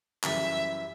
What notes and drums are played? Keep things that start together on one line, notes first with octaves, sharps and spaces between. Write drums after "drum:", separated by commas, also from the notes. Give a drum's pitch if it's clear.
F#2 C#3 E3 G3 E5, drum: clap